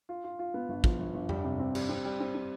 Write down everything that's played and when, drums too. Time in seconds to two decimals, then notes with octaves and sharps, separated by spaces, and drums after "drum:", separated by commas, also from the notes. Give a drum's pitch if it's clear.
0.09 F4
0.24 F4
0.39 F4
0.54 B3
0.69 G1
0.84 F3, drum: kick
0.99 G1
1.15 G1
1.29 G3, drum: tom F2
1.44 C3
1.59 C4
1.75 G3, drum: cymbal
1.89 C4
2.05 G3
2.20 C4
2.35 C4